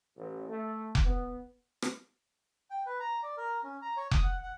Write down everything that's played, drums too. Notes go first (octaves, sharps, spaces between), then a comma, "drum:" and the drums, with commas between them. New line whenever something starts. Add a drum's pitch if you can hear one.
A1
A3
drum: kick F1
B3
drum: rim click
G5
B4
A#5
D5
A#4
C#4
A#5
C#5
D#6, drum: kick F1
F#5
F#5